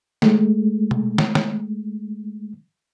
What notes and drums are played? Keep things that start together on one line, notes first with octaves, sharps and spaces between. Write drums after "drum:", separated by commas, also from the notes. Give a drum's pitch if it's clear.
G#3 A3, drum: snare
drum: tom B2
drum: snare
drum: snare